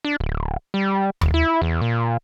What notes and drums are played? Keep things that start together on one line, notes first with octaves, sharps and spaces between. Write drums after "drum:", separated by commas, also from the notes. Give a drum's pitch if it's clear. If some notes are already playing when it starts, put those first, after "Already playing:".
D4
D1
G3
E1, drum: tom D#2
E4
E2
A#2